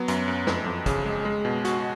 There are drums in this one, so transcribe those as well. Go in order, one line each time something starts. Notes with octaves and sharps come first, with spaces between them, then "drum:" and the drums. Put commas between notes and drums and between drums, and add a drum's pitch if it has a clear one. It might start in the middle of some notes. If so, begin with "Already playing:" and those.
Already playing: F#3 B3
F#2, drum: hi-hat
F#2
F2, drum: snare
F2
C#3, drum: kick, hi-hat
G#3
G#3
B2
F#4, drum: hi-hat